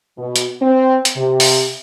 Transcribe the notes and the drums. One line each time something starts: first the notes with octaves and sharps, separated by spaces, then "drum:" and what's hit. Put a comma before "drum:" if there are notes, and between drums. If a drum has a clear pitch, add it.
B2
drum: hi-hat
C4
drum: hi-hat
C3
drum: open hi-hat